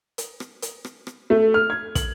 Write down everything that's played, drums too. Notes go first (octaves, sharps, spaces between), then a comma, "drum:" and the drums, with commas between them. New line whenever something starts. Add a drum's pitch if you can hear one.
drum: hi-hat
drum: rim click
drum: hi-hat
drum: rim click
drum: rim click
A3
F6
G#6
F#7, drum: kick, hi-hat